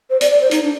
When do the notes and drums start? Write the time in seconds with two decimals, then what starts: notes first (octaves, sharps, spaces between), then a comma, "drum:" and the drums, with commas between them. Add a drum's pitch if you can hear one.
0.10 C5
0.21 D5, drum: hi-hat
0.31 D5
0.41 C5
0.51 D#4, drum: hi-hat
0.63 D4